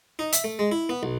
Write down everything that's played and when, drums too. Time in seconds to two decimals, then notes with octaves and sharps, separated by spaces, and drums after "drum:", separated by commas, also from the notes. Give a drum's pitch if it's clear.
0.19 D#4
0.33 E5, drum: hi-hat
0.44 A3
0.59 G#3
0.72 E4
0.89 B3
1.03 B1